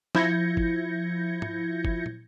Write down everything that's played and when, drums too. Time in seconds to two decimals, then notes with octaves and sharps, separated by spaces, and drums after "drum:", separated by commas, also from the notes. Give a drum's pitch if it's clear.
0.15 F3 E4 G6 G#6 A#6 C#7, drum: snare
0.57 drum: kick G1
1.42 drum: tom
1.85 drum: kick G1
2.06 drum: tom